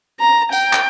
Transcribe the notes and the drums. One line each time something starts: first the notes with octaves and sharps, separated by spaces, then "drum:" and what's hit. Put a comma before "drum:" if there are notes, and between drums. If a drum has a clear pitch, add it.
A#5
G5, drum: tambourine
drum: clap